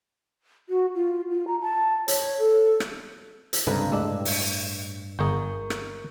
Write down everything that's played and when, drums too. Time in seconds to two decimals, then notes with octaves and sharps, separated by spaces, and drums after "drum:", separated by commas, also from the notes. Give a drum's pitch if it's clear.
0.69 F#4
0.95 F4
1.31 F4
1.47 A#5
1.62 A5
2.08 C#5, drum: hi-hat
2.39 A4
2.80 drum: rim click
3.53 drum: hi-hat
3.67 C#2 G2 C3 A4 B4 A#5
3.92 A2 G#3 D4 E6
4.25 drum: open hi-hat
5.19 G1 G#4 A#4 C#6 G6
5.70 drum: rim click